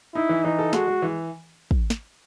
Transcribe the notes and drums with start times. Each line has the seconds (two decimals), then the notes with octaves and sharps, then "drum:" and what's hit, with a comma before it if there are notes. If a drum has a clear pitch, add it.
0.15 D#4 E4
0.29 E3
0.44 E3 D#4
0.59 A4
0.73 G#3 F#4, drum: snare
0.88 G#3
1.02 E3
1.71 drum: kick
1.90 drum: snare